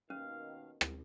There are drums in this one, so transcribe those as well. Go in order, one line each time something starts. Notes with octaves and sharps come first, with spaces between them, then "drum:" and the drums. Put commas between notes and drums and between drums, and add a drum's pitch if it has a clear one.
D#2 B2 D#3 C#4 F5
drum: rim click